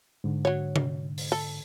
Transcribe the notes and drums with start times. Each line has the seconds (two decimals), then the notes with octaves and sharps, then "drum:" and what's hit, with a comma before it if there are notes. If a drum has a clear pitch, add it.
0.24 G#2 D3
0.45 F#3 C#5
0.76 drum: tom C3
1.18 drum: open hi-hat
1.32 A4